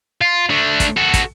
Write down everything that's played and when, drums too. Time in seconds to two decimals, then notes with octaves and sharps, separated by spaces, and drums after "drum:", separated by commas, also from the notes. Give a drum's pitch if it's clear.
0.21 F4
0.50 A3 D4
0.80 drum: kick, hi-hat
0.97 F#4 A4
1.14 drum: kick, hi-hat